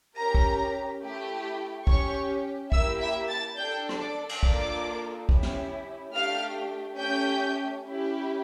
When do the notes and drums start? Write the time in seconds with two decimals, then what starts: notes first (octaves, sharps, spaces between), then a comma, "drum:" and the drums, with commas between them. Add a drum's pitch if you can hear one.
0.16 C#4 G4 A#4 A#5
0.35 drum: kick
1.02 A3 E4 G4
1.87 C#4 G4 C#5 C#6, drum: kick
2.72 A#3 E4 G4 E5 E6, drum: kick
3.01 E5 E6
3.29 A5 A6
3.57 D4 A4 G5 G6
3.89 drum: rim click
4.00 D5 D6
4.29 drum: cymbal
4.43 A#3 D4 F4 A4 D5 D6, drum: kick
5.29 C#4 E4 G4, drum: kick
5.43 drum: snare
6.13 A3 D4 G4 F5 F6
6.99 A3 C#4 G4 G5 G6
7.84 C#4 E4 G4